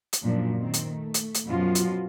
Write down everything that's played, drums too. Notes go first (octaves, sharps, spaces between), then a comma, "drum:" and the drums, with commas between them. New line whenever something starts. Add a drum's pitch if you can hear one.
drum: hi-hat
F#2 A#2 F3 D4
D#3 C4
drum: hi-hat
A3
drum: hi-hat
drum: hi-hat
F#2 B2 F3 B3 F4 F#4
drum: hi-hat